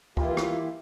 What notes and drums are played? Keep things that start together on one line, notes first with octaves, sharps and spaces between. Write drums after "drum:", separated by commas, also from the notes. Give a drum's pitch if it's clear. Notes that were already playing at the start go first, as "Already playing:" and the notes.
E3 A#3 E4 F4 G4, drum: kick C#2
drum: rim click